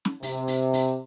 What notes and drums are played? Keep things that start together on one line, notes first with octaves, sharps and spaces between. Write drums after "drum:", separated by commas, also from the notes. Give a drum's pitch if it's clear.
drum: snare
C3, drum: open hi-hat
drum: open hi-hat
drum: open hi-hat